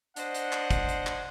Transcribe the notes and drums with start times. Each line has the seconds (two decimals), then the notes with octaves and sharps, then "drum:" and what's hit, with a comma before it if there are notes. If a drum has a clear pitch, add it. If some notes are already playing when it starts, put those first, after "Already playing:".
0.16 D4 C5 D#5 F#5, drum: hi-hat
0.34 drum: hi-hat
0.52 drum: clap
0.71 drum: kick, hi-hat
0.89 drum: hi-hat
1.07 drum: clap